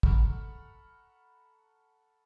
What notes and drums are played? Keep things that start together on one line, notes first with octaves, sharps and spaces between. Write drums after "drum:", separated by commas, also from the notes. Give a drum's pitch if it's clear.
A4 F#5 A#5 B5 C#6 F6, drum: kick